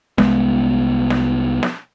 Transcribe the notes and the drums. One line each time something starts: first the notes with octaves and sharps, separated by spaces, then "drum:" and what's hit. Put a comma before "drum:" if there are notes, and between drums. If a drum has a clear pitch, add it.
C2 G#3 B3, drum: snare
drum: snare
drum: snare